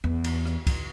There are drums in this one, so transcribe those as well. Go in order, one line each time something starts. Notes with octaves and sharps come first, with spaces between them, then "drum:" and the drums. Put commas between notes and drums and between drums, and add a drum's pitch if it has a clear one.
E2
drum: cymbal
drum: rim click
drum: kick, cymbal